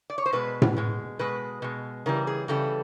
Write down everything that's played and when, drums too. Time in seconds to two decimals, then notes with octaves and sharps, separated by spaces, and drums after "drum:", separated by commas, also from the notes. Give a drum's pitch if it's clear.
0.10 D5
0.18 C#5
0.26 C5
0.33 B2 G#3 B4
0.62 drum: tom A2
0.77 B2 G#3
1.19 B2 G#3 B4
1.62 B2 G#3
2.06 C#3 E3 G3 A#4
2.27 G#4
2.48 C#3 E3 G3 A4